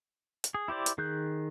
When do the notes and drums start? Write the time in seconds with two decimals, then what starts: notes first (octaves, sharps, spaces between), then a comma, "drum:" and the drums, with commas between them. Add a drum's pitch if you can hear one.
0.44 drum: hi-hat
0.54 G#4
0.68 E4 G4 C5 D5
0.86 drum: hi-hat
0.98 D#3 G#4 F#6 G6